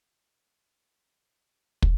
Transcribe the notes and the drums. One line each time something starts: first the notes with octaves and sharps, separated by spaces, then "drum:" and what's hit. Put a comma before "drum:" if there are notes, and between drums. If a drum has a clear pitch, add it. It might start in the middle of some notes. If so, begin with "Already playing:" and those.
C#4
C3
drum: kick